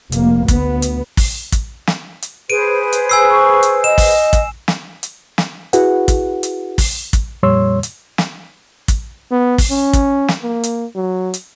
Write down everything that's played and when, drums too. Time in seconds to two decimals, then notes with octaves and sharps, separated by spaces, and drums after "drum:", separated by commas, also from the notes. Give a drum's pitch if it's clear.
0.12 F1 A#3, drum: hi-hat
0.48 D2 B3, drum: kick, hi-hat
0.82 drum: hi-hat
1.17 drum: kick, open hi-hat
1.52 drum: kick, hi-hat
1.87 drum: snare
2.22 drum: hi-hat
2.50 G#4 B4 C5 D7 D#7
2.93 drum: hi-hat
3.09 G#5 E6 C7
3.31 C#6
3.63 drum: hi-hat
3.84 D#5 E7
3.98 drum: kick, open hi-hat
4.33 drum: kick, hi-hat
4.68 drum: snare
5.03 drum: hi-hat
5.38 drum: snare
5.73 E4 F#4 G#4 B4 F#5, drum: hi-hat
6.08 drum: kick, hi-hat
6.43 drum: hi-hat
6.78 drum: kick, open hi-hat
7.13 drum: kick, hi-hat
7.43 F2 A#2 G3 C#5 C6 E6
7.83 drum: hi-hat
8.18 drum: snare
8.88 drum: kick, hi-hat
9.31 B3
9.58 drum: kick, open hi-hat
9.70 C#4
9.93 drum: kick, hi-hat
10.28 drum: snare
10.42 A#3
10.63 drum: hi-hat
10.95 F#3
11.34 drum: hi-hat